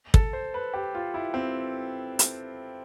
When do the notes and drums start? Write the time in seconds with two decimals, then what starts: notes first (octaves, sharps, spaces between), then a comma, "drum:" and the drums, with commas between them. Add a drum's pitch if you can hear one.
0.14 A4, drum: kick
0.33 C5
0.54 B4
0.74 G4
0.95 F4
1.14 E4
1.34 C4
2.19 drum: hi-hat